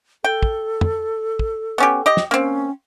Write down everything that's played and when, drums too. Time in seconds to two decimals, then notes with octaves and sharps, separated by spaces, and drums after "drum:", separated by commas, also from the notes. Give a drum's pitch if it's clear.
0.24 A4 G5
0.43 drum: kick
0.81 drum: tom
1.39 drum: kick
1.78 B3 C#4 G4
2.06 G4 D#5
2.17 drum: snare
2.31 A#3 C4 C#4